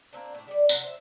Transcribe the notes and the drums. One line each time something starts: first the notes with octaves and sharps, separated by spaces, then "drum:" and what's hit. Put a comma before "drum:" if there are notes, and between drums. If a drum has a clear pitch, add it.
A#3 C4 D4
A2 D4
G3 D5
C3 F#5, drum: tambourine
C5 E5